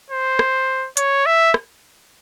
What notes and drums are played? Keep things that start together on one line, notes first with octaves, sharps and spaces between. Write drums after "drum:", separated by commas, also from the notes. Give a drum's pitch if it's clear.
C5
drum: rim click
C#5, drum: hi-hat
E5
drum: rim click